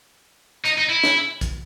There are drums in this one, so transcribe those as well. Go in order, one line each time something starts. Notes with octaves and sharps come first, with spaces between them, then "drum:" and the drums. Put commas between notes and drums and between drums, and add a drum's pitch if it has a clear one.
D#4, drum: hi-hat
D#4
E4
drum: snare
drum: kick, hi-hat